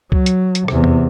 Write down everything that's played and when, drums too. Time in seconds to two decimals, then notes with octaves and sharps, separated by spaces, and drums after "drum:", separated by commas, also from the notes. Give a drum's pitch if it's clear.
0.12 F#3, drum: kick C#2
0.26 drum: hi-hat
0.55 drum: hi-hat
0.68 E2 C3, drum: rim click
0.84 drum: tom F2